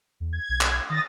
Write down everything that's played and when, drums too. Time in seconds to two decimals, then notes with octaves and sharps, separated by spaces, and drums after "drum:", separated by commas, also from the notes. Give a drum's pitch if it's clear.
0.20 E2
0.33 G#6
0.49 B1
0.61 drum: clap
0.90 D#3 D#6 A6 A#6